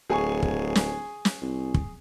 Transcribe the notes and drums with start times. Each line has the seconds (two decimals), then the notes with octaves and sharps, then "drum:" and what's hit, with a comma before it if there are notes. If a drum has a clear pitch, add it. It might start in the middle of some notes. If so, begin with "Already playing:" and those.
0.10 D1 G#4 G#5 C#6
0.42 drum: kick
0.75 drum: snare
1.25 drum: snare
1.42 C2
1.74 drum: kick